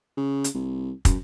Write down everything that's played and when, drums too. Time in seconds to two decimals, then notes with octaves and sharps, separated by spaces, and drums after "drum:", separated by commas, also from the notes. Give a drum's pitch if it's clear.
0.17 C#3
0.44 drum: hi-hat
0.54 C2
1.05 F#2, drum: kick, hi-hat